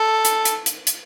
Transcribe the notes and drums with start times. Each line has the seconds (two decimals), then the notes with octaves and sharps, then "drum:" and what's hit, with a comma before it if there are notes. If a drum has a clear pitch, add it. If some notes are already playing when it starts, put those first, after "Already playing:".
Already playing: A4
0.25 drum: hi-hat
0.45 drum: hi-hat
0.66 drum: hi-hat
0.87 drum: hi-hat